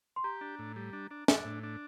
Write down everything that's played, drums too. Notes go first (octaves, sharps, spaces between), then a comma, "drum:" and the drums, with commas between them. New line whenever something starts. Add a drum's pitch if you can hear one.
C6
G4 A#5
D4
A2
G3
D4
D4
D4, drum: snare
A2
D4